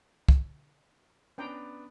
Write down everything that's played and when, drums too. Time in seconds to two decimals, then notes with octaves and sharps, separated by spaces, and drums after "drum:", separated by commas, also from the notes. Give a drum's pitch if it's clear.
0.29 drum: kick
1.38 B3 C#4 D4 G5 A#5